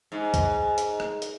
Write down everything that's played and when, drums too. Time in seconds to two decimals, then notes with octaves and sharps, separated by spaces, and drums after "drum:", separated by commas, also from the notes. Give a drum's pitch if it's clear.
0.12 G#2
0.34 drum: kick C2, hi-hat
0.78 drum: hi-hat
1.00 drum: rim click
1.22 drum: hi-hat